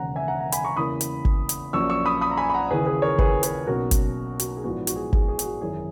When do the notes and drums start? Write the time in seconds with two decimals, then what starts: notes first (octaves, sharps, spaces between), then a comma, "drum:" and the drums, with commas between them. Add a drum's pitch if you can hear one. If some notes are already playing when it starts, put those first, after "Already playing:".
Already playing: E1 D#2 C#3 F#5 A#5
0.16 E5 G#5
0.28 F#5 A#5
0.40 F#5 A#5
0.52 G#5 B5, drum: hi-hat
0.64 A#5 C#6
0.76 E2 C#3 E3 A#3 B5 D#6
1.01 drum: hi-hat
1.25 drum: kick G1
1.49 drum: hi-hat
1.73 A#1 A#2 F#3 C#4 C#6 E6
1.89 C#6 E6
2.05 B5 D#6
2.21 B5 D#6
2.31 A#5
2.37 G#5 B5
2.49 B5
2.54 F#5 A#5
2.70 D#2 C#3 E3 G#4 B4
2.86 G#4 B4
3.02 A#4 C#5
3.18 G#4 B4, drum: kick G1
3.43 G#4 B4, drum: hi-hat
3.67 B1 B2 F#3 A#3 C#4 F#4 A#4
3.91 drum: kick G1, hi-hat
4.40 F#4, drum: hi-hat
4.57 G#4
4.64 A#1 G#2 E3 B3 F#4
4.87 F#4, drum: hi-hat
4.96 G#4
5.13 G#4, drum: kick G1
5.28 G#4
5.39 G#4, drum: hi-hat
5.44 F#4
5.61 G#1 F#2 E3 G#4